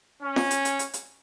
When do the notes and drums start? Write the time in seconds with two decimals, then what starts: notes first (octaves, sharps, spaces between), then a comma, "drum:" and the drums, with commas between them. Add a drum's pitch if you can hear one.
0.22 C#4
0.36 drum: snare
0.51 drum: hi-hat
0.65 drum: hi-hat
0.79 drum: hi-hat
0.94 drum: hi-hat